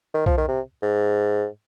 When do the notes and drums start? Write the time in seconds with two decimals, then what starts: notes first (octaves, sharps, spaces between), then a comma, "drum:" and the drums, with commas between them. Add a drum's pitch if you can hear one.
0.14 D#3
0.26 F3, drum: kick B1
0.38 D#3
0.48 C3
0.82 G#2